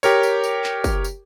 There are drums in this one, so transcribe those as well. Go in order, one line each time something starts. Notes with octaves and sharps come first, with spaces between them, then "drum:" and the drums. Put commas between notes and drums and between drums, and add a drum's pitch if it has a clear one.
G4 A#4 C#5, drum: tambourine
drum: tambourine
drum: tambourine
drum: clap
drum: kick, tambourine
drum: tambourine